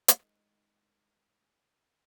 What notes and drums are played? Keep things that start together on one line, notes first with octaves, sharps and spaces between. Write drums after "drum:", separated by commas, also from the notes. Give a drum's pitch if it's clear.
D#3 G#3, drum: hi-hat